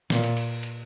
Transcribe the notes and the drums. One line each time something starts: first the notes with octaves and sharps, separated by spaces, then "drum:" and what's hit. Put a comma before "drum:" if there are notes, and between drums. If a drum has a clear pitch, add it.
A#2, drum: snare
drum: cymbal
drum: cymbal
drum: cymbal